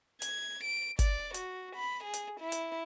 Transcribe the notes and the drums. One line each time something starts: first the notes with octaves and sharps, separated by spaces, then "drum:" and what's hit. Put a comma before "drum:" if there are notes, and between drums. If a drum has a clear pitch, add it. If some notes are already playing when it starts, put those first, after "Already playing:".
G#6, drum: hi-hat
D7
D5, drum: kick G1, hi-hat
F#4, drum: hi-hat
B5
G#4
drum: hi-hat
E4
drum: hi-hat